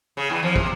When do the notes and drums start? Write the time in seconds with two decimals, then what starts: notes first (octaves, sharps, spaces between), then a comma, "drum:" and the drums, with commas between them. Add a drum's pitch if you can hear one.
0.17 C#3
0.29 E2 E3
0.43 F2 F3
0.56 C3, drum: kick